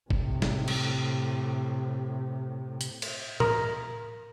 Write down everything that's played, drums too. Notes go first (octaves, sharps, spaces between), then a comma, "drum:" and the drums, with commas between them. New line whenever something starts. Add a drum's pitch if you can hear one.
A2 C3, drum: kick
drum: snare
drum: cymbal
drum: hi-hat
drum: cymbal
A#4, drum: tom A2